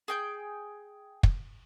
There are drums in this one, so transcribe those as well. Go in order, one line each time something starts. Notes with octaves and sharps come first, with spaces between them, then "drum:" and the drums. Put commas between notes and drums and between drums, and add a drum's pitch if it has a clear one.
G#4 G5 G6
drum: kick